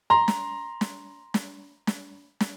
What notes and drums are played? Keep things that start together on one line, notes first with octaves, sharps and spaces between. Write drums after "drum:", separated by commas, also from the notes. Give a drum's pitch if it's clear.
A#5 C6
drum: snare
drum: snare
drum: snare
drum: snare
drum: snare